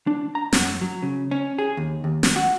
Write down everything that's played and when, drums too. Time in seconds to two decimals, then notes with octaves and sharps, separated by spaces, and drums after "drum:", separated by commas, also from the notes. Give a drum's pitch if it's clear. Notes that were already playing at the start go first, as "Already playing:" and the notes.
0.07 D4
0.35 A#5
0.53 F#2, drum: snare
0.81 F#3
1.02 C#3
1.31 C#4
1.59 G#4
1.77 D#2
2.04 D#2
2.23 drum: snare
2.36 F#4